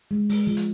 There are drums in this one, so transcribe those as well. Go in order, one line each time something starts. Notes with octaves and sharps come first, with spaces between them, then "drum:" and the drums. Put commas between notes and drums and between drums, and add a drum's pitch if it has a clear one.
G#3
G#3, drum: open hi-hat
F3
drum: hi-hat